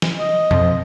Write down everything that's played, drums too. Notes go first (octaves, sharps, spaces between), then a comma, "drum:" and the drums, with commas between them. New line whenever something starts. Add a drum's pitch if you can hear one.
drum: snare
D#5
F2 F3, drum: tom B2